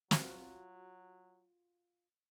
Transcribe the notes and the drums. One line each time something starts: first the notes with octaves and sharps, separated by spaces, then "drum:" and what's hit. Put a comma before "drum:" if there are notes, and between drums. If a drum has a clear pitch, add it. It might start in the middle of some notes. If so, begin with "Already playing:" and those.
F#3 F4 F#4, drum: snare